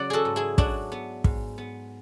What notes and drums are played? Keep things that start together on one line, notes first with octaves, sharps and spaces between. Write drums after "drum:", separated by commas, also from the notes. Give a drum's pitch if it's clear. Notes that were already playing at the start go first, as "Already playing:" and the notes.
Already playing: C#3 F#3 D5 F#5
F#4 G#4 A4
G#2
E4 G#4
F#3 D4 F#4, drum: kick
B3
G#2, drum: kick
B3